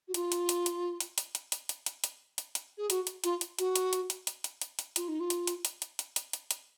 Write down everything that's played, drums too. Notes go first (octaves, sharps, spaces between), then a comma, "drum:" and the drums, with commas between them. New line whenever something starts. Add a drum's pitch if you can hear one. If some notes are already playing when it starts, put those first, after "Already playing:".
F#4
F4, drum: hi-hat
drum: hi-hat
drum: hi-hat
drum: hi-hat
drum: hi-hat
drum: hi-hat
drum: hi-hat
drum: hi-hat
drum: hi-hat
drum: hi-hat
drum: hi-hat
drum: hi-hat
drum: hi-hat
G#4
F#4, drum: hi-hat
drum: hi-hat
F4, drum: hi-hat
drum: hi-hat
F#4, drum: hi-hat
drum: hi-hat
drum: hi-hat
drum: hi-hat
drum: hi-hat
drum: hi-hat
drum: hi-hat
drum: hi-hat
F4, drum: hi-hat
D#4
F4
drum: hi-hat
drum: hi-hat
drum: hi-hat
drum: hi-hat
drum: hi-hat
drum: hi-hat
drum: hi-hat
drum: hi-hat